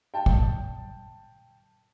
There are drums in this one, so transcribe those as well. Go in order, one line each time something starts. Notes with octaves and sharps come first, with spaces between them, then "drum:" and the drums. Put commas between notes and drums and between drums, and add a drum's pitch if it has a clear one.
G5 A5
drum: kick